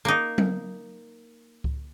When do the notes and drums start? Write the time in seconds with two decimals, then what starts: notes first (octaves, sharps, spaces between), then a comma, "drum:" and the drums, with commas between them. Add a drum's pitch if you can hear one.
0.05 A#3 D#4
0.38 drum: tom F#3
1.64 drum: kick C#2